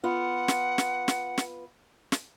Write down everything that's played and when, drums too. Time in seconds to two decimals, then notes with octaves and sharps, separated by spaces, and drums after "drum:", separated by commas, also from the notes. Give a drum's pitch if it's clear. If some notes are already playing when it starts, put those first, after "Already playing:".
0.04 B3 F4 F#5
0.48 drum: snare
0.78 drum: snare
1.08 drum: snare
1.38 drum: snare
2.12 drum: snare